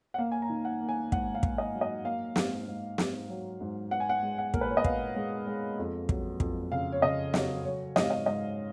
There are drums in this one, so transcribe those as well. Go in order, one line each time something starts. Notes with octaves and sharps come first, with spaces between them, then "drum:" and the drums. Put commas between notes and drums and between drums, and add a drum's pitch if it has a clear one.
F#5
A#3 F5
G#5
A#5
D#3
F#5
A#3
G#5
G#2 F#5, drum: kick
F5
A#3, drum: kick
D#5
F#3
D#5
A#3 F5
G#2, drum: snare
G#2
G#2, drum: snare
F#3
G#2
B3 F#5
G#5
F#5
G#3
F#5
A#2 A#4, drum: kick
B4
C#5
D#5
B3 F5, drum: kick
G#3
G#3
F2
F#3, drum: kick
F2, drum: kick
C#3 F5
C#5
C#3 D#5
F#3 D#5, drum: snare
F#3 C#5
G#2 D#5, drum: snare
F5
D#5
G#2 D#5